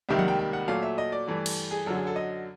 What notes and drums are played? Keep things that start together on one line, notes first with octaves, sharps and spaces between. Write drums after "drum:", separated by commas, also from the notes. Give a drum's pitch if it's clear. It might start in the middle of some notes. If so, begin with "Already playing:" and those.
C#2 C3 D#3 G3 A#3 E5
F#5, drum: tom F3
G5
G5
F#5
A#2 F#3 A3 F5
E5
D#5
D5
G2 E3 A3
drum: cymbal
G#4
F#2 D3 F#3 A4
G#4
A4
D#5